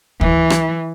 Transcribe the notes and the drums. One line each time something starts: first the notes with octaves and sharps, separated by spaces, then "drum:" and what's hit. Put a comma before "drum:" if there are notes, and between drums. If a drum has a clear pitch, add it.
E3, drum: kick
drum: rim click